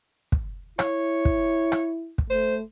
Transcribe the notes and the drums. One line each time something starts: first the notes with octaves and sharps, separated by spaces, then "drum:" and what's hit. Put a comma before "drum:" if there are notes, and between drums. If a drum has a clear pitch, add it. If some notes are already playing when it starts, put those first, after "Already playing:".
drum: kick
E4 C#5, drum: rim click
drum: kick
drum: rim click
drum: kick
A3 C5